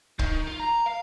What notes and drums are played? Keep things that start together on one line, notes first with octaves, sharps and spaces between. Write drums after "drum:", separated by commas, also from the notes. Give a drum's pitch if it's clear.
D#3, drum: kick
F4
A#5
F5